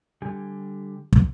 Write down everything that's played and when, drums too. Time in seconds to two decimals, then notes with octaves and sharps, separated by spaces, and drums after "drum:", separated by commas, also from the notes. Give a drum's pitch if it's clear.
0.22 D3 G3 G4 G#5
1.13 drum: kick